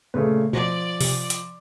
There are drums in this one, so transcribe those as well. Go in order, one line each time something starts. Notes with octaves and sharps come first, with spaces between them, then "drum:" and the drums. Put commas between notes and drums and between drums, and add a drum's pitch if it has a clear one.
A#2 C#3 A3 B4
B2 F3 D5 A#6
C3, drum: open hi-hat
drum: hi-hat